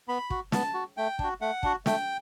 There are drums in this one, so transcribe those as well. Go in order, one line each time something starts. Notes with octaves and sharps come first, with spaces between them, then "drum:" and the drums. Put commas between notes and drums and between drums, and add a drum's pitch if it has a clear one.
B3 B5
F#4, drum: kick
B3 A5, drum: snare
F#4
A3 G5
D4 F#4, drum: kick
A3 F#5
D4 F#4, drum: kick
A3 G5, drum: snare